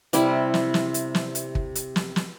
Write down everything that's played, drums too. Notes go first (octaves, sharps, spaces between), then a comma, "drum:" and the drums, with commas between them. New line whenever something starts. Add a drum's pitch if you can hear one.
C3 G3 E4, drum: hi-hat
drum: snare
drum: snare
drum: hi-hat
drum: snare
drum: hi-hat
drum: kick
drum: hi-hat
drum: snare
drum: snare